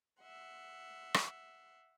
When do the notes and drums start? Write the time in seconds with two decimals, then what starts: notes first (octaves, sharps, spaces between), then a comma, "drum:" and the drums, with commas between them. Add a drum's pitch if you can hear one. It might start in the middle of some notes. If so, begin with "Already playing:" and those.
0.20 E5 F#5 C6
1.14 drum: rim click